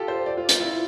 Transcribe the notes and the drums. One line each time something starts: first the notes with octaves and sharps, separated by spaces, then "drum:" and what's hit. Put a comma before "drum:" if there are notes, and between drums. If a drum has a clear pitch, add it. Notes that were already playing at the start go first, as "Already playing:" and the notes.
Already playing: F4 G4 A4
C5
D5
F4
F4, drum: hi-hat
E4